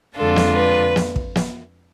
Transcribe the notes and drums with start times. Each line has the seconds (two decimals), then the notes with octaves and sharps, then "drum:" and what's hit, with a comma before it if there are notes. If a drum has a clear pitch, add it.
0.16 F2 D3 G#3 D4 F4 A4
0.36 drum: snare
0.56 B4
0.96 drum: snare
1.16 drum: kick
1.36 drum: snare